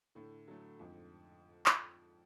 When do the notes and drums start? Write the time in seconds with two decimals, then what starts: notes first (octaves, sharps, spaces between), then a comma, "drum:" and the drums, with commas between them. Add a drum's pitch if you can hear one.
0.15 A2 D3
0.47 D3 F#3 A3
0.79 F2 G#2
1.66 drum: clap